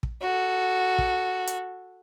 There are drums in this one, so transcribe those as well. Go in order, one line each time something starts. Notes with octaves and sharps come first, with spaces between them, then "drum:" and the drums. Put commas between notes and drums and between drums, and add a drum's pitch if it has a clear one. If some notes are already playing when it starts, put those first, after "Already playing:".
drum: kick
F#4 A4
drum: kick
drum: hi-hat